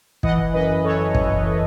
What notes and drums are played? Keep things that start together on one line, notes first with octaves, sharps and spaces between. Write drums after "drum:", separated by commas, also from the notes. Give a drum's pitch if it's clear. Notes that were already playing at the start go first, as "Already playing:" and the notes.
E3 D#5 F#5, drum: kick
F#2 B4 D#5
F#2 A4 C#5
F#2, drum: kick
E3